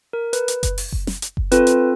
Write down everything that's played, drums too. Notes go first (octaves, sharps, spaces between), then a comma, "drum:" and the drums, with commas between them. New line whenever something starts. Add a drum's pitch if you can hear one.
A#4
B4, drum: hi-hat
drum: hi-hat
drum: kick F#1, hi-hat
drum: open hi-hat
drum: kick F#1
drum: snare
drum: hi-hat
drum: kick F#1
C4 F4 A4 B4, drum: hi-hat
drum: hi-hat